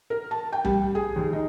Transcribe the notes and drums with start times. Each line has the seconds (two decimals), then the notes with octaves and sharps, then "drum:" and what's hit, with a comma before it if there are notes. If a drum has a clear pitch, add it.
0.10 A#4
0.31 A5
0.52 G5
0.65 G3, drum: tom B1
0.95 G#4
1.16 D#2
1.33 D#4